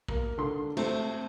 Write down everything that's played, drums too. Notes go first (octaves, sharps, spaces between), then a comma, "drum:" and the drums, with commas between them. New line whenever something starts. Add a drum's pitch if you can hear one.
A#3, drum: kick
D3 C6
A3 C4, drum: cymbal